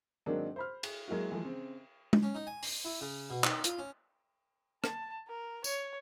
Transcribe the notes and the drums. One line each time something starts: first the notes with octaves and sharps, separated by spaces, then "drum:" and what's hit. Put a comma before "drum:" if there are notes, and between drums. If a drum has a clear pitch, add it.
G#2 D#3 F#3 A#3 C4 D4
C5 B5 F6
G#4, drum: cymbal
F#3 G#3 A#3 E4 F#4
E3 F3 G#3 A3
C#3 C4
drum: tom G#3
C#4
D#4
G#5
C6, drum: open hi-hat
E4
C#3
B2
D#3, drum: clap
F4, drum: hi-hat
C#4
A5, drum: rim click
A#4
C#5, drum: tambourine